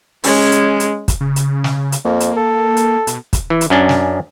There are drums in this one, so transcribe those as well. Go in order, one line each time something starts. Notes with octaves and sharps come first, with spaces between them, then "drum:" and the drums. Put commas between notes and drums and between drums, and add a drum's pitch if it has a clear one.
G#3 C#4, drum: open hi-hat
drum: hi-hat
drum: hi-hat
drum: kick, hi-hat
C#3
drum: hi-hat
drum: snare
drum: hi-hat
F2 A#3
drum: hi-hat
A4
drum: hi-hat
B2, drum: hi-hat
drum: kick, hi-hat
E3
drum: hi-hat
F#2 C#4 D4
drum: snare